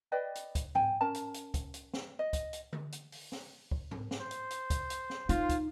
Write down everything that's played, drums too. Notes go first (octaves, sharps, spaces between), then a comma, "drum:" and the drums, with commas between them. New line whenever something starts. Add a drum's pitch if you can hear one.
B4 D5 D#5 G5
drum: hi-hat
drum: kick, hi-hat
G5 G#5, drum: tom G#2
C#4 A#4 A5
drum: hi-hat
drum: hi-hat
drum: kick, hi-hat
drum: hi-hat
drum: snare
D#5
drum: kick, hi-hat
drum: hi-hat
drum: tom D3
drum: hi-hat
drum: open hi-hat
drum: snare
drum: kick
drum: tom G#2
drum: snare
C5
drum: hi-hat
drum: hi-hat
drum: kick, hi-hat
drum: hi-hat
drum: snare
D#4 F4, drum: hi-hat
drum: kick, hi-hat